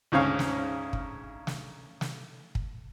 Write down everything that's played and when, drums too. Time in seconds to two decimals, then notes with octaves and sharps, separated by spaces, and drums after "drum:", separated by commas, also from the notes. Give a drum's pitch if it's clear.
0.12 D2 G#2 C#3 C#4 F5 C#6
0.39 drum: snare
0.93 drum: kick
1.47 drum: snare
2.01 drum: snare
2.55 drum: kick